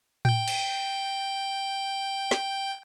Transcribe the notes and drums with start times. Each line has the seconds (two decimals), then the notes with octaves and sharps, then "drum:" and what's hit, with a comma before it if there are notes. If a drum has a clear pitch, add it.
0.25 G5 G6, drum: tom A2
0.48 drum: cymbal
2.31 drum: snare